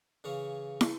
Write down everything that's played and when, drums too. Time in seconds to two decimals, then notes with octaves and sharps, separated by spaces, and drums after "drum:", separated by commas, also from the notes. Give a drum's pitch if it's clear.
0.24 C#3 E3 G#4 C#5 F5
0.81 drum: snare